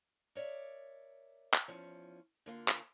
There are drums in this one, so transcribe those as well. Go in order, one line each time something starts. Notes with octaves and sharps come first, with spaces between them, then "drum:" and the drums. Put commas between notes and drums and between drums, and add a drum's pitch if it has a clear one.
A#4 C#5 D5 E5
drum: clap
E2 F3 C#4
D3 A#3 F4
drum: clap